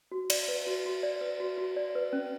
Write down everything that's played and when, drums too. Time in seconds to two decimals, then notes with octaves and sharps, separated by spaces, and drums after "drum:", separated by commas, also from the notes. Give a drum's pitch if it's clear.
0.12 F#4
0.30 D5, drum: cymbal
0.48 B4
0.67 F#4
0.85 F#4
1.03 D5
1.21 B4
1.40 F#4
1.58 F#4
1.76 D5
1.95 B4
2.13 C#4